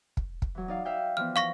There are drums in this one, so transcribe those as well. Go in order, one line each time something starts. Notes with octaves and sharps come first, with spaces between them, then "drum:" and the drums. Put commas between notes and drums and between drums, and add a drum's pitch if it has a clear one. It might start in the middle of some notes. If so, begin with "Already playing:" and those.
drum: kick
drum: kick
E3 F#3
D#4 D5 F5
E5 F5 G5
E3 F3 B3 F6
F5 C#6 A#6